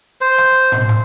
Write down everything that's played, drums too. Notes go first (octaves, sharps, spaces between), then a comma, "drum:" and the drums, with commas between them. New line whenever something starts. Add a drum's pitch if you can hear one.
C5
drum: rim click
drum: tom A2
drum: rim click